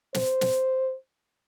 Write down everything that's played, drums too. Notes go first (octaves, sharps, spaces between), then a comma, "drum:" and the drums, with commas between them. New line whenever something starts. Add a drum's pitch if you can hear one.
C5, drum: snare
drum: snare